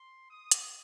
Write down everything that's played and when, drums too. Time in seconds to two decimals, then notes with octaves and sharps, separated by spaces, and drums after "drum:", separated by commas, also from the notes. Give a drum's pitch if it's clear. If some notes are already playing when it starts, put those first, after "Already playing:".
Already playing: C6
0.31 D#6
0.51 drum: hi-hat